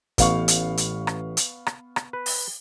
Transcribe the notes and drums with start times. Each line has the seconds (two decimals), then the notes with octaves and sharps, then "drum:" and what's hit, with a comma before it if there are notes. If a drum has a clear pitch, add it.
0.18 A1 B3 F5 C#6, drum: kick, hi-hat
0.48 drum: hi-hat
0.77 drum: hi-hat
1.07 drum: rim click
1.37 drum: hi-hat
1.66 drum: rim click
1.96 drum: rim click
2.13 B4
2.26 drum: open hi-hat